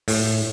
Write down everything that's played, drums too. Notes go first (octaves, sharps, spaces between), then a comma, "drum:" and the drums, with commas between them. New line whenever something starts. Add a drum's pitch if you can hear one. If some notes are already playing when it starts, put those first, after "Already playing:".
A2, drum: open hi-hat